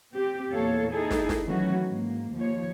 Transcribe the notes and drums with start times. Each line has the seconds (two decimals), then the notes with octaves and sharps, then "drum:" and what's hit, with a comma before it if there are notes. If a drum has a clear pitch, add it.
0.13 C4 G4
0.51 E2 A#2 A#3 A4 C#5 F5
0.90 D#4 E4 G#4 A4
1.11 drum: snare
1.29 drum: snare
1.45 D#3 E3 F#3 A3 C#4 F#4
1.87 G#2 A#3
2.35 D#2 F3 C#5